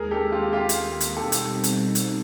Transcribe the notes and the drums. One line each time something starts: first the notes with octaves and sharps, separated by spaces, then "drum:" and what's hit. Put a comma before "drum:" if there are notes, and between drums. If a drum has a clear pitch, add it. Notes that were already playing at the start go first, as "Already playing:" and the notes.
Already playing: D#2 D#3 G#3 G#4 A#4
G4 A4
F4 G4
F4 G4
drum: hi-hat
drum: hi-hat
B2 G3 C4 D#4 G4 A4
drum: hi-hat
drum: hi-hat
drum: hi-hat